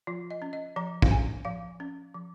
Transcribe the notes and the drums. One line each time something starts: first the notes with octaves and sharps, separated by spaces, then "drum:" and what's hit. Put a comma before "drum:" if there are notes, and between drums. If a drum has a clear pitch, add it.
F3 F4
D#5
C#4
D#5
F3 A#5
F5, drum: kick
C#4 G#5
F3 F5
C#4
F3